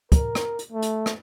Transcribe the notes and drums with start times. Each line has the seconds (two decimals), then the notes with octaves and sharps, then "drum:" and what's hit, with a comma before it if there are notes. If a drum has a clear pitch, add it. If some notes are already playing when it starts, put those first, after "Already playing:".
0.12 A#4, drum: kick, hi-hat
0.35 drum: rim click
0.59 drum: hi-hat
0.73 A3
0.82 drum: hi-hat
1.06 drum: rim click